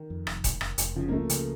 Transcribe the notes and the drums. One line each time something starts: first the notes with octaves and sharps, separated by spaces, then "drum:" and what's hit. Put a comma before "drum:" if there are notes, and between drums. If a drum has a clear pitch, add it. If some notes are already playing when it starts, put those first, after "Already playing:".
Already playing: D#3
F2
F1, drum: rim click
F1, drum: kick D#1, hi-hat
F1, drum: rim click
F1, drum: hi-hat
C#3 F3
A#3
C#2 A3
C#3, drum: hi-hat